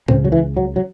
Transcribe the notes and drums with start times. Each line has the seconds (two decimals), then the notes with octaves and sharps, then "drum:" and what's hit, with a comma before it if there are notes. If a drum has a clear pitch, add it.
0.08 C#2 C#3 C4, drum: tom
0.25 F#3
0.32 E3
0.57 F#3
0.76 F#3